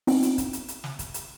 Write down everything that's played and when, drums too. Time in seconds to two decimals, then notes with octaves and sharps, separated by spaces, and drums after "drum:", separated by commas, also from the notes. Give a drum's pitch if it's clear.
0.07 B3 C4 D4 D#4 F4, drum: open hi-hat
0.23 drum: hi-hat
0.38 drum: kick, hi-hat
0.53 drum: hi-hat
0.68 drum: hi-hat
0.84 drum: snare
0.99 drum: kick, hi-hat
1.14 drum: hi-hat